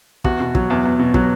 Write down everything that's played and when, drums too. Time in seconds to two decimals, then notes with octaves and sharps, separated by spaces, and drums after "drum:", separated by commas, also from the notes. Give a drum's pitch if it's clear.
0.24 E2 F#4, drum: kick
0.40 B2
0.55 F#3, drum: kick
0.70 E2
0.85 E2
0.99 B2
1.14 F#3, drum: kick